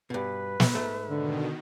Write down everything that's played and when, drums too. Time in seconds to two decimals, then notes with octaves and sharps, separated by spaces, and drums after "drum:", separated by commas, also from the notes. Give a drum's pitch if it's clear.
0.10 G2 B2 B4
0.60 drum: snare
0.75 G#2 A3
1.10 B2 D3 D#3